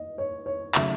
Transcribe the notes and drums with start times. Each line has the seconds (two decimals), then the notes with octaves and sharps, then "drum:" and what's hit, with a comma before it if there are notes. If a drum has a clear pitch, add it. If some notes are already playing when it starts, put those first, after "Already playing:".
Already playing: D#5
0.18 C#5
0.46 C#5
0.75 C#3 F#3 A3 E5, drum: clap